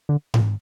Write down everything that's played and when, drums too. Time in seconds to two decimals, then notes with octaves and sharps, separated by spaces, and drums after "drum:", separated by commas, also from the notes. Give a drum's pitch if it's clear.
0.09 D3
0.34 A#2, drum: tom G#2